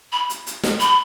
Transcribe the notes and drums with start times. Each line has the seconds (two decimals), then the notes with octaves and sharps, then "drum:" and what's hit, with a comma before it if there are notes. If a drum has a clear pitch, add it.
0.12 B5
0.30 drum: hi-hat
0.46 drum: hi-hat
0.63 drum: snare
0.80 B5, drum: hi-hat